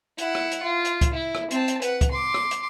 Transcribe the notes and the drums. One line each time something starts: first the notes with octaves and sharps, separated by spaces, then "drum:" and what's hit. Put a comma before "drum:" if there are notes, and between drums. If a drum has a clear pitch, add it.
E4 F#5, drum: hi-hat
drum: rim click
drum: hi-hat
F4
drum: hi-hat
drum: kick C#2, hi-hat
E4
drum: rim click
C4 A5, drum: hi-hat
drum: hi-hat
B4 F#5, drum: hi-hat
drum: kick C#2, hi-hat
C6 D6
drum: rim click
drum: hi-hat